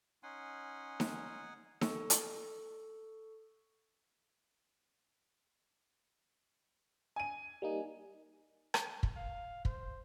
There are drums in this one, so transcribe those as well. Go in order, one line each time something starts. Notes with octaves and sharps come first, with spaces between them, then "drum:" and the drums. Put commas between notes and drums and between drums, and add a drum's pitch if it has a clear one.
C#4 D#4 F#5 G#5 C6
drum: snare D#4
A4 C#6 E6, drum: snare D#4
drum: hi-hat
G#5 D#7
G3 A#3 D#4
drum: rim click
drum: kick
F5
C5, drum: kick